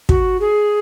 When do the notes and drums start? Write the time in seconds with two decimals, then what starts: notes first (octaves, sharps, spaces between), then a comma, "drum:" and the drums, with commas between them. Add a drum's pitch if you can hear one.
0.09 F#4, drum: kick
0.40 G#4